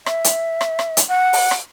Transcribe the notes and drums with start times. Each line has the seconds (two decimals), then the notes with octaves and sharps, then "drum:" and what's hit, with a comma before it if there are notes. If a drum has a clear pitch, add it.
0.06 E5, drum: rim click
0.24 drum: hi-hat
0.61 drum: rim click
0.79 drum: rim click
0.97 drum: hi-hat
1.08 F#5
1.33 drum: open hi-hat
1.51 drum: rim click